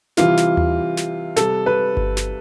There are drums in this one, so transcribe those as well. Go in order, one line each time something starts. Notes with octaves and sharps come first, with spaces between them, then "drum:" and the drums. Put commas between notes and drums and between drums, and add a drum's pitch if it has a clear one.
C3 E3 G3 F4, drum: snare
drum: snare
drum: tom D#2
drum: snare
C3 G3 A4, drum: snare
B4
drum: kick G1
drum: snare